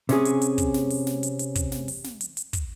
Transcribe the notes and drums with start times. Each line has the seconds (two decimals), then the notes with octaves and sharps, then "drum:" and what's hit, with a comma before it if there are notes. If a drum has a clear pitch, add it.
0.09 C3 C#4 G#4, drum: snare
0.25 drum: hi-hat
0.42 drum: hi-hat
0.58 drum: kick, hi-hat
0.74 drum: snare
0.90 drum: open hi-hat
1.07 drum: snare
1.23 drum: hi-hat
1.39 drum: hi-hat
1.55 drum: kick, hi-hat
1.72 drum: snare
1.88 drum: open hi-hat
2.04 drum: snare
2.21 drum: hi-hat
2.37 drum: hi-hat
2.53 drum: kick, hi-hat